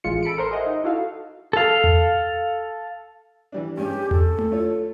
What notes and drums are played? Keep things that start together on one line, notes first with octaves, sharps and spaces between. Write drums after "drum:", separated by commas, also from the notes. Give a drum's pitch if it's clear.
A1 G#3 F4 C#7
A4 B5 C#7 D7
A#4 C5 C6
G#4 C5 D#5 E5 F#5
D#4
D#4 E4 F#4 A4 F5
A4 F5
drum: tom E2
E3 G3 D4
G2 G#3 C#4 G4
A4, drum: tom E2
drum: tom A3
A3 F4 C#5